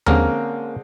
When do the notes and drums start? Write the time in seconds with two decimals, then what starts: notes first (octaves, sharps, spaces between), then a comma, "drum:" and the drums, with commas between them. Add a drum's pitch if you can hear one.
0.06 D3 G#3 A#3 C4 C#4 A#4, drum: tom D#2